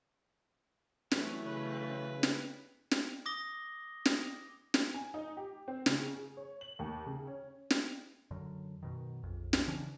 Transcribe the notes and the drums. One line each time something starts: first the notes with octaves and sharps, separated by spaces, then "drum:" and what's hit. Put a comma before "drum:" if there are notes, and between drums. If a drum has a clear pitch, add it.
E3 F#3 A3 C#4 G4 B4, drum: snare
C#3 B4
drum: snare
drum: snare
D6 D#6 A#6 G7
drum: snare
drum: snare
G#5
D#4
G4
C4
C#3, drum: snare
G#4
C#5
F#7
D#2
C#3
C#4
drum: snare
F#2 D3
F#2 B2 D#3
A#1 F2
drum: snare
C#3 E3 C#4 D4